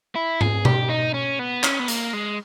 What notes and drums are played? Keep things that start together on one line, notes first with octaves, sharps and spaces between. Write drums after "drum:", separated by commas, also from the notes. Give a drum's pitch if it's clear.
E4
G#4, drum: tom G#2
G4, drum: tom B2
D#4
C#4
B3
C#4, drum: clap
B3
A#3, drum: hi-hat
G#3